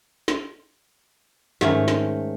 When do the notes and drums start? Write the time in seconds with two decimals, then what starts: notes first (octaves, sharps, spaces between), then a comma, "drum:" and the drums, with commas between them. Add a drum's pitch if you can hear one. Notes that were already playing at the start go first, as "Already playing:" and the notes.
0.28 drum: snare
1.61 G#2 D#3 A3 C#4, drum: snare
1.88 drum: snare